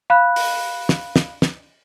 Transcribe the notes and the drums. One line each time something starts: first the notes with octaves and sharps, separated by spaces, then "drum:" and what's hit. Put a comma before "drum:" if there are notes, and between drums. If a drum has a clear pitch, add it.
F5 B5 F#6
drum: open hi-hat
drum: snare
drum: snare
drum: snare